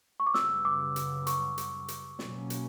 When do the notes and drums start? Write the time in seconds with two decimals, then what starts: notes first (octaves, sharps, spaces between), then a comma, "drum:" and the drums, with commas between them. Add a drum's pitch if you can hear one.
0.20 C#6
0.27 D6
0.34 F#2 C#3 G3 B3 E6, drum: snare
0.65 D6
0.96 drum: hi-hat
1.27 C#6, drum: hi-hat
1.58 drum: hi-hat
1.88 drum: hi-hat
2.19 B2 F#3 A#3 C#4, drum: snare
2.50 drum: hi-hat